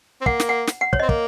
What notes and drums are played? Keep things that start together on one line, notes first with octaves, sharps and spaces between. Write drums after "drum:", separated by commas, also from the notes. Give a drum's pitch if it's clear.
C4
A#3 F#5, drum: kick
drum: snare
F#5
drum: snare
F#5
C#5, drum: kick
C4 D#5
A#3, drum: kick